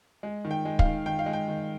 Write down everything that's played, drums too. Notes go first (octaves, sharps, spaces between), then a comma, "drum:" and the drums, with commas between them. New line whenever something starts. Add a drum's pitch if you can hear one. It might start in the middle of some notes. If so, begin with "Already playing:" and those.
G#3
D#3
G5
G#3
F5, drum: kick
D#3
D#3 G5
F5
G#3
G5
D#3